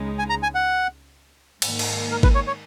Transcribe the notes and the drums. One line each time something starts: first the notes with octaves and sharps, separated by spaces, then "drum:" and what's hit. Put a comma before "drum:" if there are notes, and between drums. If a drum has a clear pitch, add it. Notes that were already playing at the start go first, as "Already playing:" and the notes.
Already playing: C#2 C#3 G#3 D#4
G#5
A#5
G#5
F#5
G#2 D#3 A#3, drum: cymbal
drum: cymbal
A#4
B4, drum: kick G#1
C#5
C#5